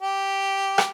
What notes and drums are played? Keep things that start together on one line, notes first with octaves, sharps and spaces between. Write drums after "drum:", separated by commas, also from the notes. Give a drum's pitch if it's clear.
G4
drum: rim click